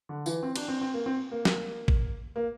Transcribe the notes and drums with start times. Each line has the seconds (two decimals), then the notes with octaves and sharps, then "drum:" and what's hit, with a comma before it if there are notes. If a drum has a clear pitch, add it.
0.09 D3
0.26 E3, drum: tambourine
0.43 C4
0.56 D4, drum: cymbal
0.68 C4
0.81 C4
0.94 A#3
1.06 C4
1.31 A#3
1.45 drum: snare
1.88 drum: kick
2.36 A#3